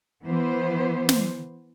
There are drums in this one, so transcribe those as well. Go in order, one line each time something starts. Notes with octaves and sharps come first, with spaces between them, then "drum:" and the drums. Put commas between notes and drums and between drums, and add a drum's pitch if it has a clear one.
E3 B3 C5
drum: snare